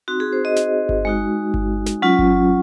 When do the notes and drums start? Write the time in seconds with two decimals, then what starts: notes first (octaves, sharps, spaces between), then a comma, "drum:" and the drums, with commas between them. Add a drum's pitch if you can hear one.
0.08 C4 D#4 F#4
0.20 G#4
0.33 C5
0.45 D#5
0.56 D#5, drum: snare
0.89 drum: kick G1
1.05 G#3 D#4 F#4
1.54 drum: kick G1
1.86 drum: snare
2.02 F#3 C#4 F4
2.19 drum: kick G1